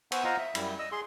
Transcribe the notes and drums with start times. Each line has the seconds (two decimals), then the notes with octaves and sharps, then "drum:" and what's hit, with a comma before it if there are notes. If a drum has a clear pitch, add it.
0.12 B3 C5 F#5 G#5 C#6 E6, drum: cymbal
0.24 F4 C5 D#5 F5 F#5 A#5
0.38 E5
0.55 F#2 G3 E4, drum: cymbal
0.79 D#5 E6
0.92 G#4 C6